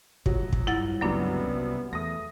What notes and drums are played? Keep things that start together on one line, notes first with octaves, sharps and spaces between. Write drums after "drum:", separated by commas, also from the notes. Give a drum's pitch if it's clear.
C#2 A2 F3 F#3, drum: kick
drum: kick
G2 G3 E4 F#5 A6
G1 C#2 F#2 F#3 G3 A#3 B3 D4
C2
E2 A3 D#6 A#6